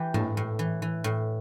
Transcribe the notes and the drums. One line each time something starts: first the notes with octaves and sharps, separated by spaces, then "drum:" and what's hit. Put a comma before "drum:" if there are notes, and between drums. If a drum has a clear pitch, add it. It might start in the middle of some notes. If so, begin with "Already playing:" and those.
Already playing: E3 G4
A2, drum: tom
A2
E3
E3
A2